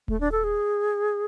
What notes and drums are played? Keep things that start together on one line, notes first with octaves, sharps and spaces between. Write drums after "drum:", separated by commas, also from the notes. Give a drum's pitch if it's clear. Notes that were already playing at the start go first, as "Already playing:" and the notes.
A3, drum: kick D#1
D4
A4
G#4